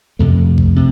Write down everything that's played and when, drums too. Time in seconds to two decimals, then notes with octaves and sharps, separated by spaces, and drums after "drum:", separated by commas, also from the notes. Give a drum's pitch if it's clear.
0.19 F2 C3 A3
0.58 drum: kick A#1
0.76 C3